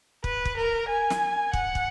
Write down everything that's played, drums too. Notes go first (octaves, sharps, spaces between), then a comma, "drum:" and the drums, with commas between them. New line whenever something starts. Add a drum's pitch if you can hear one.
B4, drum: kick
drum: kick
A#4
G#5
drum: snare
F#5, drum: kick
drum: kick